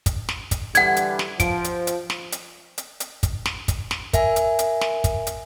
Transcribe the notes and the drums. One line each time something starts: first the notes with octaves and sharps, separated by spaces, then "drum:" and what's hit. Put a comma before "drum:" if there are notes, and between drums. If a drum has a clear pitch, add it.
drum: kick, hi-hat
drum: snare
drum: kick, hi-hat
D3 E3 G3 F#5 G#6, drum: hi-hat
drum: hi-hat
drum: snare
F3 D7, drum: kick, hi-hat
drum: hi-hat
drum: hi-hat
drum: snare
drum: hi-hat
drum: hi-hat
drum: hi-hat
drum: kick, hi-hat
drum: snare
drum: kick, hi-hat
drum: snare
A#4 E5 G#5, drum: kick, hi-hat
drum: hi-hat
drum: hi-hat
drum: snare
drum: kick, hi-hat
drum: hi-hat